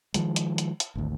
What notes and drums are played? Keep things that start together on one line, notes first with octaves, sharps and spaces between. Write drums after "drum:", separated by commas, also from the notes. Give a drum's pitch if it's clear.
D#3 F3 G#3, drum: hi-hat
drum: hi-hat
drum: hi-hat
drum: hi-hat
G#1 D2